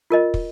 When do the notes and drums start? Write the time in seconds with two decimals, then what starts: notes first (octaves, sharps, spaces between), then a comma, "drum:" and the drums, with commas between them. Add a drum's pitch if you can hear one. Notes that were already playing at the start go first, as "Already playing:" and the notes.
0.11 F4 A#4 D#5
0.34 drum: kick